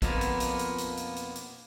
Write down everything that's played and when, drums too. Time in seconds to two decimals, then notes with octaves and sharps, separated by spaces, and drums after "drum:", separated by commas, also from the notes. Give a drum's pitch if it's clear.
0.02 F2 B2 F3 A#3 B3, drum: kick A#1, hi-hat
0.21 drum: hi-hat
0.40 drum: hi-hat
0.59 drum: hi-hat
0.78 drum: hi-hat
0.97 drum: hi-hat
1.16 drum: hi-hat
1.35 drum: hi-hat